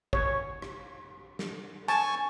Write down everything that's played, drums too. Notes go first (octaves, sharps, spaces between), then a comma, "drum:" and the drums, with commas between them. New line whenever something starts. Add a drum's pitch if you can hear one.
C#5, drum: kick A1
drum: rim click
drum: snare
G#5 A5 C#6, drum: hi-hat